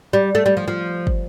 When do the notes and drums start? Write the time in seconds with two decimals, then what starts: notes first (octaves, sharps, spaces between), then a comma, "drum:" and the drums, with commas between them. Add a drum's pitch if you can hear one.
0.13 G3
0.35 A3
0.46 G3
0.57 F3
0.68 F3
1.07 drum: kick